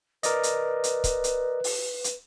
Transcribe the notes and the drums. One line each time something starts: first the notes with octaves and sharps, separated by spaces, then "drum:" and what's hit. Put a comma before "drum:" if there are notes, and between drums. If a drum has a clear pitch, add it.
A#4 B4 D5 D#5, drum: hi-hat
drum: hi-hat
drum: hi-hat
drum: kick, hi-hat
drum: hi-hat
drum: open hi-hat
drum: hi-hat